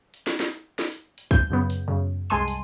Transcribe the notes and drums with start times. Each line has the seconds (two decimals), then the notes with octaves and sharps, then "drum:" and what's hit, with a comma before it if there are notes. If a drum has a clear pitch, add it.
0.14 drum: hi-hat
0.27 drum: snare
0.40 drum: snare
0.79 drum: snare
0.92 drum: hi-hat
1.18 drum: hi-hat
1.31 G6, drum: kick
1.50 F#2 C#3 B3
1.70 drum: hi-hat
1.88 F#2 C#3
2.30 C2 G#3 G#5 A5 C6 D#7
2.48 drum: hi-hat